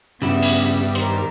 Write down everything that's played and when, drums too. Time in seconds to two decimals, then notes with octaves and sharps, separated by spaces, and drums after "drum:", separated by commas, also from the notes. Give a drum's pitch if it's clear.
0.22 G2 C#3 B3 E4 F#4 E5
0.42 drum: cymbal
0.95 D#3 A#4 C5, drum: hi-hat